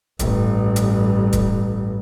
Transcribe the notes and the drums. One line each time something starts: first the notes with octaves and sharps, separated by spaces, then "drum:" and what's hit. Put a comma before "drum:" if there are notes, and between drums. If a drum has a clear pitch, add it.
A1 G2, drum: kick, hi-hat
drum: hi-hat
drum: kick, hi-hat